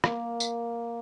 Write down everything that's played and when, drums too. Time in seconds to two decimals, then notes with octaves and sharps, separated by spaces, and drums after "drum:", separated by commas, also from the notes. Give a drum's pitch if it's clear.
0.04 A#3, drum: rim click
0.40 drum: tambourine